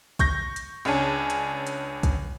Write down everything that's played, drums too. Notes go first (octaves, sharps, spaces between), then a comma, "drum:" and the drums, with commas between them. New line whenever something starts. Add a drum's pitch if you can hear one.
C#6 G6 A#6, drum: kick, hi-hat
drum: hi-hat
C#2 C#4 D4 G#5 A5
drum: hi-hat
drum: hi-hat
drum: kick, hi-hat